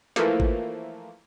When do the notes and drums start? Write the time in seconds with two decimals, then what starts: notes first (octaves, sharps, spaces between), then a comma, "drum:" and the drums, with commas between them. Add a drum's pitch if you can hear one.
0.16 E3 F3 A3 A#3, drum: snare
0.40 drum: kick G#1